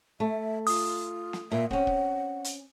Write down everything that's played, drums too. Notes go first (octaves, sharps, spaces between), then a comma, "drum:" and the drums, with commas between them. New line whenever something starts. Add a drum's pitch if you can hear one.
A3 E5
F4 D#6, drum: open hi-hat
drum: snare
A#2 E5
C4 C#4 F#5, drum: kick
drum: kick
drum: hi-hat